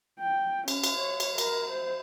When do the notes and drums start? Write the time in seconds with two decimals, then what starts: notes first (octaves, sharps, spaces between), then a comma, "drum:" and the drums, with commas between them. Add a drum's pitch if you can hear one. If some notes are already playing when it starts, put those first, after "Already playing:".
0.19 G5
0.68 C#4, drum: cymbal
0.84 drum: cymbal
0.98 C#5
1.20 drum: cymbal
1.38 A#4, drum: cymbal
1.70 C5